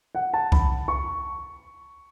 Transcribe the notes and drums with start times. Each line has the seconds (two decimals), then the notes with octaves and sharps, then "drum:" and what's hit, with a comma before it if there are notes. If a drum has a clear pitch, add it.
0.15 F#5
0.34 A5
0.52 B5, drum: kick C2
0.88 C#6